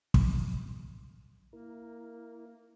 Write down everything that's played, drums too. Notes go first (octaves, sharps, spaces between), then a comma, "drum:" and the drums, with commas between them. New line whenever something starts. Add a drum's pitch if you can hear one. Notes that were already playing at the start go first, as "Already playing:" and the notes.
drum: kick
A#3 E4 A#4